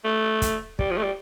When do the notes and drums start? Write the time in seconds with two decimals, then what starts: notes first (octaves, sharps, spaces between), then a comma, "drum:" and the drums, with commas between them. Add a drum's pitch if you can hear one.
0.04 A3
0.42 drum: kick, hi-hat
0.79 G3, drum: kick
0.91 F3
0.97 A3
1.03 G3